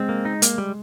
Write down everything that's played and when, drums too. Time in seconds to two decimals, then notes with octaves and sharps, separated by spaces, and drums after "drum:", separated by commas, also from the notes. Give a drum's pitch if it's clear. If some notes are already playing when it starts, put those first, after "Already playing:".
Already playing: G#3 C4
0.09 A#3
0.25 D#4
0.42 A#3, drum: hi-hat
0.58 G3